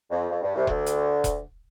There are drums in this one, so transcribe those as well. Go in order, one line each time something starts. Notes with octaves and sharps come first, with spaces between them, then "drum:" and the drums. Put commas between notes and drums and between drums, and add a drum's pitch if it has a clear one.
F2
F2
G2
C2 C3
D2 D3, drum: kick E1
drum: hi-hat
drum: kick E1, hi-hat